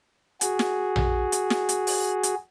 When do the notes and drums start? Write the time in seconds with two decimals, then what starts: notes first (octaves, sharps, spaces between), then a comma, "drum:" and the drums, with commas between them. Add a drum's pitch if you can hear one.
0.41 F#4 G#4, drum: hi-hat
0.59 drum: snare
0.96 drum: tom A#1
1.32 drum: hi-hat
1.50 drum: snare
1.69 drum: hi-hat
1.87 drum: open hi-hat
2.23 drum: hi-hat